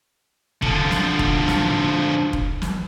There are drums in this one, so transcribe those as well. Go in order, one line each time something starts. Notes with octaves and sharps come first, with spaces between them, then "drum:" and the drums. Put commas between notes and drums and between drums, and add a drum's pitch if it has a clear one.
D3 F3, drum: kick E1
drum: snare
drum: kick E1
drum: snare
drum: kick E1
drum: snare